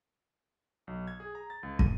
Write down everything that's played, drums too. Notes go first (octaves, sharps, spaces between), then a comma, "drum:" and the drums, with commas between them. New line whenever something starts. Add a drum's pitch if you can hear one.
B1
G#6
G#4
A#5
A6
C#2
D#7, drum: kick